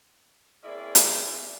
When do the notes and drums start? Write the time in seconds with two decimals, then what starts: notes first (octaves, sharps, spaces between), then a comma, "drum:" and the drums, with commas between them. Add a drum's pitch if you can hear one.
0.63 A#3 C4 C#4 E4 G#4 D5
0.95 drum: hi-hat